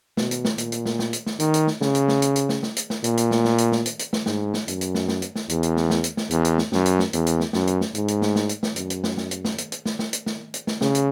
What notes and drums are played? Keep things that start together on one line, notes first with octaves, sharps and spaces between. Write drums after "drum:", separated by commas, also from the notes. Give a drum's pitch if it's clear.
B2, drum: snare
drum: hi-hat
drum: snare
A#2, drum: hi-hat
drum: hi-hat
drum: snare
drum: snare
drum: hi-hat
drum: snare
D#3, drum: hi-hat
drum: hi-hat
drum: snare
C#3, drum: snare
drum: hi-hat
drum: snare
drum: hi-hat
drum: hi-hat
drum: snare
drum: snare
drum: hi-hat
drum: snare
A#2, drum: hi-hat
drum: hi-hat
drum: snare
drum: snare
drum: hi-hat
drum: snare
drum: hi-hat
drum: hi-hat
drum: snare
G#2, drum: snare
drum: snare
F#2, drum: hi-hat
drum: hi-hat
drum: snare
drum: snare
drum: hi-hat
drum: snare
E2, drum: hi-hat
drum: hi-hat
drum: snare
drum: snare
drum: hi-hat
drum: snare
E2, drum: hi-hat
drum: hi-hat
drum: snare
F#2, drum: snare
drum: hi-hat
drum: snare
E2, drum: hi-hat
drum: hi-hat
drum: snare
F#2, drum: snare
drum: hi-hat
drum: snare
G#2, drum: hi-hat
drum: hi-hat
drum: snare
drum: snare
drum: hi-hat
drum: snare
F#2, drum: hi-hat
drum: hi-hat
drum: snare
drum: snare
drum: hi-hat
drum: snare
drum: hi-hat
drum: hi-hat
drum: snare
drum: snare
drum: hi-hat
drum: snare
drum: hi-hat
drum: snare
C#3, drum: snare
drum: hi-hat